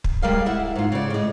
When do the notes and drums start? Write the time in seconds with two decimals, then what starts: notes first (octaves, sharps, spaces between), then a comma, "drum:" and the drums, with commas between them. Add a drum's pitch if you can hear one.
0.04 drum: kick
0.22 G3 G#3 A#4 D#5 F5
0.46 E4 E5 F#5
0.76 G#2 F4
0.92 C#3 D5
1.10 A2 G#3